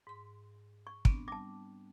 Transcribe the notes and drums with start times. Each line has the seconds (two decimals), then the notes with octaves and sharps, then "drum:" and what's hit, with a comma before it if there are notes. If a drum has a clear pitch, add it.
0.07 G#2 C6
0.87 C#6
1.05 B3 C4 D4, drum: kick
1.28 G3 A5 D6